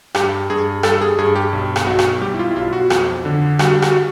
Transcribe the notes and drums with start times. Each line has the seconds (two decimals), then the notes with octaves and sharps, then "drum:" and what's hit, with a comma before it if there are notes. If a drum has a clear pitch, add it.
0.15 G2 G4, drum: rim click
0.50 G2 G#4
0.83 G3 A4, drum: rim click
1.01 G#4
1.18 G2 G#4
1.36 G4
1.53 B1
1.76 drum: rim click
1.87 B1 F#4
1.99 drum: rim click
2.21 G3 G4
2.34 E4
2.39 F4
2.51 E4
2.56 B1 F4
2.73 F#4
2.90 F2, drum: rim click
3.25 D3
3.59 G3 F#4, drum: rim click
3.82 F#4, drum: rim click